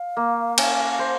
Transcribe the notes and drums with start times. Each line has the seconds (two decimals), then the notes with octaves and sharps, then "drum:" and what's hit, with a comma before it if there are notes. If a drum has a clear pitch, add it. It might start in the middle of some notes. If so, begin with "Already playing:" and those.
Already playing: F5
0.17 A#3
0.58 C#4, drum: cymbal
0.99 C5